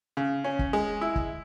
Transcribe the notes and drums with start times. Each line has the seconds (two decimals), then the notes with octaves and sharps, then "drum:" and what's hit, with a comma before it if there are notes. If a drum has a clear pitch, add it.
0.17 C#3
0.44 C#4
0.59 drum: kick
0.73 G#3
1.01 E4
1.16 drum: kick